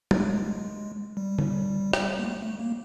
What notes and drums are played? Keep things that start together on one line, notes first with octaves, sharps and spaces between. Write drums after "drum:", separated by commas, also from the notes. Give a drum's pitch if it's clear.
G#3, drum: tom F#3
A3
G#3
G3
drum: tom D3
drum: rim click
A#3
A3
A3
A#3